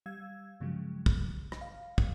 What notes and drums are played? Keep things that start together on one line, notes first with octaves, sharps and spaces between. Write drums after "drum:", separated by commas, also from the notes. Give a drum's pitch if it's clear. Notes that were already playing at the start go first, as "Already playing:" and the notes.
G3 F5 E6 G#6
G2 C#3 F3 F#3 G#3
drum: kick
drum: rim click
F5
drum: kick